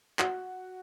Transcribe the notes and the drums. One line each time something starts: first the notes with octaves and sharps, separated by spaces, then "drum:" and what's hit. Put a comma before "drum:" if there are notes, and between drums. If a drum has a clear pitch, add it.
F#4, drum: clap